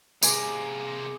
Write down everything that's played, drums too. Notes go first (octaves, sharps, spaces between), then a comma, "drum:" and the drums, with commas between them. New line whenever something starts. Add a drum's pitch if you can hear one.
C3 A#3 G#4 G#5 D6, drum: tambourine